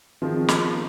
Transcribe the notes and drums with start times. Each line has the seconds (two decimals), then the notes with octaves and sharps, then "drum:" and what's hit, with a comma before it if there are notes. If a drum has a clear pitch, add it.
0.22 D#3 F3 C4 G#4
0.48 drum: snare